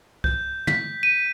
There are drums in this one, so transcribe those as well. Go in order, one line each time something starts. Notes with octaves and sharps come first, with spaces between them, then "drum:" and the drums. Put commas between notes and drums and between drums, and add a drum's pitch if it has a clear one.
G6, drum: kick C2
B6, drum: tom
D#7